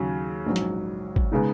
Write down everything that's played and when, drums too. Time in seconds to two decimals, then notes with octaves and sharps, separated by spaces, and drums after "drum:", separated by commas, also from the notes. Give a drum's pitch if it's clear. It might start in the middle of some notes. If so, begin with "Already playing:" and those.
Already playing: D#2 C#3 F#3 C#4
0.46 A#1 G#2 F#3 C#4
0.56 drum: hi-hat
1.16 drum: kick G#1
1.32 C#3 G#3 B3 D#4